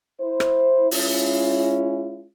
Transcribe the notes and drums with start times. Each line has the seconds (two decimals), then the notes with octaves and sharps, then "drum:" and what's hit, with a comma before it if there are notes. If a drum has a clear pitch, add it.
0.21 E4 C5
0.40 drum: rim click
0.91 G#3 C#4 E4 F4, drum: open hi-hat